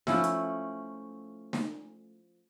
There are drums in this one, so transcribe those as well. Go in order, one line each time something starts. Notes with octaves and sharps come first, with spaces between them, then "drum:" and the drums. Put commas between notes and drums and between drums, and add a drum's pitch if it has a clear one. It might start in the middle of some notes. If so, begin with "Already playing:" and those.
F3 A3 C#4 E4, drum: snare
drum: hi-hat
drum: snare